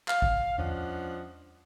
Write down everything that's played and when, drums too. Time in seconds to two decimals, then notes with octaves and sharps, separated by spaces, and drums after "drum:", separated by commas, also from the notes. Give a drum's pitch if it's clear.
0.08 F5, drum: clap
0.22 drum: kick A1
0.58 F3 C#4 D4 D#5 F#5, drum: tom E2